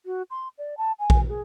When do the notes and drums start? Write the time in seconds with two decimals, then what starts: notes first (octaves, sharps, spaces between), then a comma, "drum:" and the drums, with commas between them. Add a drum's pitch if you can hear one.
0.06 F#4
0.30 C6
0.58 D5
0.78 A5
0.99 G#5
1.10 drum: kick A#1
1.29 G#4